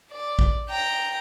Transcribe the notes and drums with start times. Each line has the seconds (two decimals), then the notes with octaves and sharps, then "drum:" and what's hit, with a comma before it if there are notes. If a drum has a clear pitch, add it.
0.11 D5
0.39 drum: kick
0.69 G5 A#5